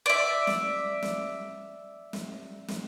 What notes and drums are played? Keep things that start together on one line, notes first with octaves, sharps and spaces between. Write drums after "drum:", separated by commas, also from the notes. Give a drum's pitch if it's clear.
D5 E5
drum: snare
drum: snare
drum: snare
drum: snare